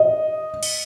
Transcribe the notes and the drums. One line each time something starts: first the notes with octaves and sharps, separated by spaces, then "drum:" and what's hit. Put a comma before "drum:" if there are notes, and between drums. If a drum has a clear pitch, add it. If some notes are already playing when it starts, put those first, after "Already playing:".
Already playing: D#5
drum: cymbal